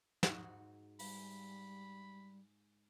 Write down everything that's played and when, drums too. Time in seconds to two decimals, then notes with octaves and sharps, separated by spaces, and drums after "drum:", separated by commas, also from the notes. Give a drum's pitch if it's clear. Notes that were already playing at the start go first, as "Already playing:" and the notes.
0.23 G#2 F#4 F#5, drum: snare
0.99 G3 B5, drum: open hi-hat